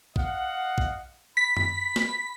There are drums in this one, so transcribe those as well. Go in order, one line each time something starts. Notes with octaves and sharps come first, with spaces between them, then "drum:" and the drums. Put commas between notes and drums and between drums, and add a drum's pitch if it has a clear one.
D#5 F5 F#5, drum: kick
drum: kick
B5 B6
drum: tom F#2
drum: snare